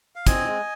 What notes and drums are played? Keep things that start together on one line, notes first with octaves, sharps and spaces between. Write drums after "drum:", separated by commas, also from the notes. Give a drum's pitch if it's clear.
F5
C4 D#5 G#5, drum: kick, hi-hat
G#3